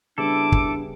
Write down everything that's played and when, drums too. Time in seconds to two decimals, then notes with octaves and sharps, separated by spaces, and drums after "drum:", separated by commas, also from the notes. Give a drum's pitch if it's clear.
0.18 C#3 G3 B3 D4 E4 A4 D6
0.52 drum: kick